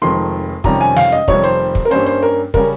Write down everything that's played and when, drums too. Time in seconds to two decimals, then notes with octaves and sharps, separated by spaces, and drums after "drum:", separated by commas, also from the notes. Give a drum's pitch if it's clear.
0.02 F1 F2 D#3 G#3 C6
0.64 F2 C3 D#3 G3 C#4 A#5, drum: kick
0.81 G#5
0.96 F5, drum: snare
1.12 D#5
1.28 F1 F2 C3 D#3 G3 C#5, drum: kick
1.44 C5
1.75 drum: kick
1.85 A#4
1.91 G2 G3 A#3 C#4 C5
2.06 C5
2.23 A#4
2.54 C#3 G3 C#4 A#4, drum: kick